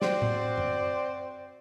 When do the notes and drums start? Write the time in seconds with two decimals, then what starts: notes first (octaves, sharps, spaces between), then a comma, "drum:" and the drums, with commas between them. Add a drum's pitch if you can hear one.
0.02 C4 F#4 C5 D5, drum: snare
0.22 drum: tom A2
0.58 drum: tom F#2